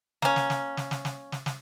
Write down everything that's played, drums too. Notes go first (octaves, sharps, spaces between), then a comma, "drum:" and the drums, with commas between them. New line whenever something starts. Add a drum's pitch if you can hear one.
A#3 C#4, drum: snare
drum: snare
drum: snare
drum: snare
drum: snare
drum: snare
drum: snare
drum: snare